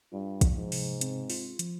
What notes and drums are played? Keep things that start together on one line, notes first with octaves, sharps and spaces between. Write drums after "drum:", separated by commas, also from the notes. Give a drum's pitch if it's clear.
G2 F4
F3, drum: kick, hi-hat
G#2
C3, drum: open hi-hat
C4, drum: hi-hat
F4, drum: open hi-hat
F3, drum: hi-hat